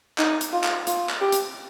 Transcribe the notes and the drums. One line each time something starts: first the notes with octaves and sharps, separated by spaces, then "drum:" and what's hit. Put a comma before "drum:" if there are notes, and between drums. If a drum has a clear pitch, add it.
D#4, drum: clap
drum: hi-hat
F4
drum: clap
F4, drum: hi-hat
drum: clap
G4
drum: hi-hat